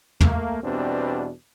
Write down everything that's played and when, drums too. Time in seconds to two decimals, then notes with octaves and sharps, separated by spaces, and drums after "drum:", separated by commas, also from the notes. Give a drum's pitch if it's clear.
0.21 A3 A#3, drum: tom
0.63 E2 B2 G3 C4 D4